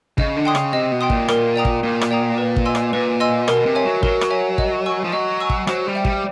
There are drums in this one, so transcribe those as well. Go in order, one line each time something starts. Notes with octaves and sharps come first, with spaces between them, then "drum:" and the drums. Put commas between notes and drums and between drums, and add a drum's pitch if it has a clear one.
C#3 D#5, drum: kick
D3
G5 C6 D#6
C#3, drum: rim click
C3 D#5
B2
G5 C6 D#6
A#2, drum: kick
A#4, drum: rim click
D5 G5 A#5 D#6
drum: kick
A#2 A#4
drum: rim click
D5 G5 A#5 D#6
B4
drum: kick
D#5 G#5 C6 E6
drum: rim click
A#2 B4
D#5 G#5 C6 E6
B2 A#4, drum: rim click
C3
C#5 E5 G#5
F#3
F#3 A#4, drum: kick
drum: rim click
C#5 E5 G#5
D#5, drum: kick
G#5 C#6 E6
F3
F#3 D#5
G#5 C#6 E6
drum: kick
F#3 C5, drum: rim click
G3
E5 G5
G3, drum: kick